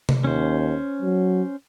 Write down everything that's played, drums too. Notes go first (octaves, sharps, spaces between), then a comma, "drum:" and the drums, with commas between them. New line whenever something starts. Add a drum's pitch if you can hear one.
drum: tom C3
D#2 C#4 C5
F#3